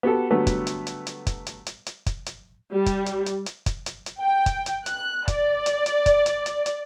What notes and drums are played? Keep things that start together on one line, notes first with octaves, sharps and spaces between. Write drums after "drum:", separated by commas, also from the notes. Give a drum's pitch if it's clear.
B3 F#4 G4 A4
D3 F#3 G3 A3 B3 B4
drum: kick, hi-hat
drum: hi-hat
drum: hi-hat
drum: hi-hat
drum: kick, hi-hat
drum: hi-hat
drum: hi-hat
drum: hi-hat
drum: kick, hi-hat
drum: hi-hat
G3
drum: kick, hi-hat
drum: hi-hat
drum: hi-hat
drum: hi-hat
drum: kick, hi-hat
drum: hi-hat
drum: hi-hat
G5
drum: kick, hi-hat
drum: hi-hat
F#6, drum: hi-hat
D5, drum: kick, hi-hat
drum: hi-hat
drum: hi-hat
drum: kick, hi-hat
drum: hi-hat
drum: hi-hat
drum: hi-hat